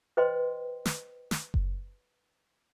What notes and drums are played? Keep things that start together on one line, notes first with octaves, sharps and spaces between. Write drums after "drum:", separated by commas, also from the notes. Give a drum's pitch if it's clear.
B4 C5 D#5 G5 C6
drum: snare
drum: snare
drum: kick F#1